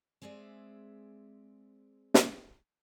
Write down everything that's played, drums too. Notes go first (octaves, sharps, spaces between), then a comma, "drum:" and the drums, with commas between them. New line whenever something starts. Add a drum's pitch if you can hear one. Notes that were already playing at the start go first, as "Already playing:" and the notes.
G#3 C4 G#4 D5 E5
drum: snare